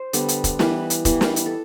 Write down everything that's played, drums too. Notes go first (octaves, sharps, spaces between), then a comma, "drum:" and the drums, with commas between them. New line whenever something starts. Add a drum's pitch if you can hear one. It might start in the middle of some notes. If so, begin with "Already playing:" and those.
Already playing: C5
D3 G3 B3, drum: hi-hat
drum: hi-hat
drum: kick E1, hi-hat
E3 G3 B3 B4, drum: snare
drum: hi-hat
E3 G3 B3, drum: kick E1, hi-hat
drum: snare
drum: hi-hat
A4